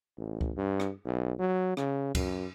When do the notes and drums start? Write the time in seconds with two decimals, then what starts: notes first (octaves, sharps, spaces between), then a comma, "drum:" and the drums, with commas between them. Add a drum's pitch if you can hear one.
0.17 A1
0.41 drum: kick C#2
0.57 G2
0.80 drum: rim click
1.05 B1
1.39 F#3
1.77 C#3, drum: rim click
2.15 F#2, drum: kick C#2, cymbal